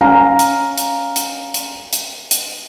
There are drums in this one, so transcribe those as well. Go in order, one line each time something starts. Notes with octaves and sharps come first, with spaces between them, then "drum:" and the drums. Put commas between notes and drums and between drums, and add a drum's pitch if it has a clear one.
C#4 F5 A#5
drum: hi-hat
drum: hi-hat
drum: hi-hat
drum: hi-hat
drum: hi-hat
drum: hi-hat